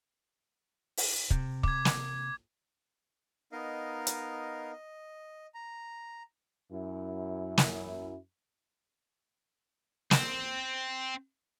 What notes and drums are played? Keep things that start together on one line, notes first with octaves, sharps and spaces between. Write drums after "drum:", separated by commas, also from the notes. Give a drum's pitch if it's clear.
drum: open hi-hat
C3, drum: kick
D6 G#6, drum: kick
drum: snare
B3 D#4 A#4 D#5 F5
drum: hi-hat
D#5
A#5
F#2 E4
drum: snare
C4, drum: snare